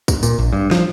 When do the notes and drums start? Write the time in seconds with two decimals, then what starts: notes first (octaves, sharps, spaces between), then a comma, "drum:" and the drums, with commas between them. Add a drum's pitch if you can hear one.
0.08 drum: kick C2, tambourine
0.23 A#2, drum: tambourine
0.38 A#1
0.53 G2
0.71 F3, drum: snare